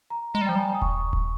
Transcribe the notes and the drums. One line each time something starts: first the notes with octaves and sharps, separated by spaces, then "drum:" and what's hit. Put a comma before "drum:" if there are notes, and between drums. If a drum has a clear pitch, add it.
A#5
G#3 A#5
G3
G5
F3
G3 G#5
D#6
C#6, drum: kick D#1
drum: kick D#1